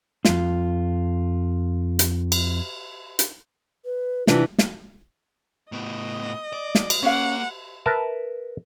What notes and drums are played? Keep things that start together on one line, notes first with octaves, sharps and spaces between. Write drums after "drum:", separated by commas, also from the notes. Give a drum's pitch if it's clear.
F2 F4, drum: snare
drum: hi-hat
drum: cymbal
drum: hi-hat
B4
C3 E3 D4 F4, drum: snare
drum: snare
A2 B3 D#5
D5
drum: snare
drum: cymbal
A#3 C#4 F5 F#5
A#4 B4 E5 A5